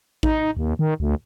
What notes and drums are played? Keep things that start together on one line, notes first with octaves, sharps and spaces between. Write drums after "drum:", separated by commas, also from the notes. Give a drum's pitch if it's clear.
D#4, drum: kick A1
D#2
D#3
D2